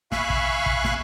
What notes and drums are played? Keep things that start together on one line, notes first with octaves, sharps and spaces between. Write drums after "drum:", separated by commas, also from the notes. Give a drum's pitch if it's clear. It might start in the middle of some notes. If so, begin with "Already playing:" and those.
E5 F5 G#5 B5 C#6 F#6, drum: snare
drum: kick
drum: kick
drum: snare